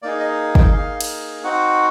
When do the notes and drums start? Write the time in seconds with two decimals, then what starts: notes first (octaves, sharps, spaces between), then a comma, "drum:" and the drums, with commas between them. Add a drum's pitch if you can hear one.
0.02 A#3 D#4 G#4 D5
0.20 D#5
0.55 G5, drum: kick
0.73 A#3 D#4 G#4 F5
1.01 drum: cymbal
1.44 C4 D#4 F#4 F#5